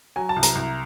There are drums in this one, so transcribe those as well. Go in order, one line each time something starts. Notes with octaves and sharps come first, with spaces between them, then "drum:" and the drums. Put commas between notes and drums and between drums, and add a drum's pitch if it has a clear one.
F#3 G#5
A5
C2
A#5, drum: hi-hat
C2